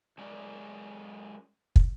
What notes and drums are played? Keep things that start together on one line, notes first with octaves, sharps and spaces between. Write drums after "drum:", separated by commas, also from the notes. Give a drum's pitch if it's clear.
F#2 G#3 C#4 A#4 D5
drum: kick